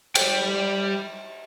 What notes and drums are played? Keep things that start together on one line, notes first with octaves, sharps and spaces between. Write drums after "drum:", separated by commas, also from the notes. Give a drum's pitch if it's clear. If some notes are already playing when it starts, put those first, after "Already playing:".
G3 G5, drum: cymbal